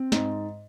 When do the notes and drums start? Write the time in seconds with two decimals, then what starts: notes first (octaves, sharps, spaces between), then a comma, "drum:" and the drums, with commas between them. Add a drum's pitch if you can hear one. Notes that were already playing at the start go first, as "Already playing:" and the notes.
Already playing: C4
0.12 G#2, drum: snare